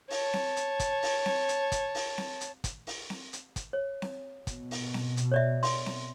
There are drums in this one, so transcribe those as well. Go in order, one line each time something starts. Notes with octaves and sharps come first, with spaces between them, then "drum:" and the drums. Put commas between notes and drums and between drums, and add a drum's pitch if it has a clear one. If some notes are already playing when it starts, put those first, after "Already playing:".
C#5 A5, drum: open hi-hat
drum: snare C4
drum: hi-hat
drum: kick, hi-hat
drum: open hi-hat
drum: snare C4
drum: hi-hat
drum: kick, hi-hat
drum: open hi-hat
drum: snare C4
drum: hi-hat
drum: kick, hi-hat
drum: open hi-hat
drum: snare C4
drum: hi-hat
drum: kick, hi-hat
C#5
drum: snare C4
B2, drum: kick, hi-hat
drum: open hi-hat
drum: snare C4
drum: hi-hat
C#5 D5 E5
C6, drum: open hi-hat
drum: snare C4